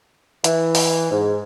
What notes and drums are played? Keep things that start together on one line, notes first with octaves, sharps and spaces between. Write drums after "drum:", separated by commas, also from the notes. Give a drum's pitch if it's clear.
E3, drum: hi-hat
drum: open hi-hat
G#2